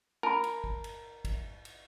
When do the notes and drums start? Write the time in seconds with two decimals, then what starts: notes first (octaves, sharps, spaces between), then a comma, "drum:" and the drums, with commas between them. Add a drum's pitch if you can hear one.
0.23 A#4 A5 B5
0.44 drum: cymbal
0.64 drum: kick
0.84 drum: cymbal
1.25 drum: kick, cymbal
1.65 drum: cymbal